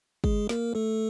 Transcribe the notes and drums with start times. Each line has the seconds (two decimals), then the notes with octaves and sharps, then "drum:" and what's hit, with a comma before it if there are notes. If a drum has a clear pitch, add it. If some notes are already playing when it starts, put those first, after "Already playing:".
0.24 G#3 G#4, drum: kick
0.49 A#3 A#4, drum: snare
0.75 A3 A4